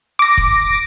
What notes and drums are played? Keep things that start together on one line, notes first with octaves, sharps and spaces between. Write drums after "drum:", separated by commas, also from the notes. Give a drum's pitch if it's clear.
D6 A#6
drum: kick